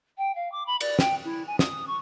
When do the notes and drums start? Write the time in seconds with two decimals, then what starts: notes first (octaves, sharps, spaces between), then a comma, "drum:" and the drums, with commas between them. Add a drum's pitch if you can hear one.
0.17 G5
0.35 F5
0.52 D6
0.66 B5
0.81 D5, drum: cymbal
0.99 G5, drum: snare
1.24 E4
1.47 G#5
1.59 D#6, drum: snare
1.86 C#6